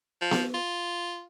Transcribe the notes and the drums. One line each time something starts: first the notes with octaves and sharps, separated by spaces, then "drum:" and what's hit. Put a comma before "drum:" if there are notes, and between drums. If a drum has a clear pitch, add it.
F3
drum: snare B3
F4